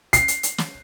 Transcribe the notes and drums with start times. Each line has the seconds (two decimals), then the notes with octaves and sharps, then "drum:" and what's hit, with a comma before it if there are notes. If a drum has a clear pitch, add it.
0.13 C7, drum: hi-hat
0.28 drum: hi-hat
0.43 drum: hi-hat
0.58 drum: snare